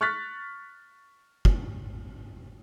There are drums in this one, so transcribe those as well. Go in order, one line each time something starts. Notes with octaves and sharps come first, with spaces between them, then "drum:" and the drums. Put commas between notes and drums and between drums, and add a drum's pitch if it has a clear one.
C#6 F6 F#6 A6 B6
drum: kick